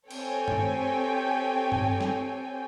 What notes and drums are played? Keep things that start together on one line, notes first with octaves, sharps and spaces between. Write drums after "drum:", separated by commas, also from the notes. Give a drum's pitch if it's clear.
C4 G4 A4 C#5 G5 G#5, drum: cymbal
drum: tom G2
drum: tom G2
drum: snare